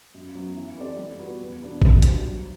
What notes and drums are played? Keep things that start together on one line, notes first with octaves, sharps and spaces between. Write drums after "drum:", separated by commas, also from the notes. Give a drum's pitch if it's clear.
F#2
F#3 B3
E3
A3 C4 G4 D5
G3
B3 F#4 B4
E2
B2 G3 B3 D4
C3, drum: kick
G3 D4 F#4 C5, drum: hi-hat
F#3